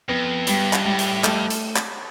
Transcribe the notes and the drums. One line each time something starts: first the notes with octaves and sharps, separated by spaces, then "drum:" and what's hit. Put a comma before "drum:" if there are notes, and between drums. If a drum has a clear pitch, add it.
F2 B3
G2 G3, drum: hi-hat
drum: clap
A2 G3
drum: hi-hat
F2 A3, drum: clap
drum: hi-hat
drum: clap